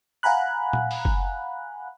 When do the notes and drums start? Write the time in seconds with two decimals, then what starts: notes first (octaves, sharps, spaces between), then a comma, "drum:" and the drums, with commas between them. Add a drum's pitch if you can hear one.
0.23 F5 F#5 G#5 A#5 B5 F#6
0.73 drum: tom A#2
0.91 drum: open hi-hat
1.05 drum: kick